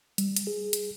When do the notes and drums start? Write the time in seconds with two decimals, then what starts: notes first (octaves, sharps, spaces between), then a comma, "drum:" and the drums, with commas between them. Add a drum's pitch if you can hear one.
0.18 G3, drum: hi-hat
0.36 drum: hi-hat
0.47 G#4
0.73 drum: hi-hat